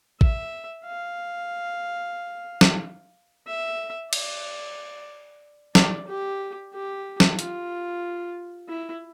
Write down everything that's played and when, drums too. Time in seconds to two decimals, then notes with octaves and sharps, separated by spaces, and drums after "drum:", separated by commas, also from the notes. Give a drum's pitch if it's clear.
0.21 E5, drum: kick A1
0.86 F5
2.61 drum: snare
3.47 E5
4.13 D5, drum: cymbal
5.75 D5, drum: snare
6.08 G4
6.74 G4
7.20 drum: snare
7.39 F4, drum: hi-hat
8.69 E4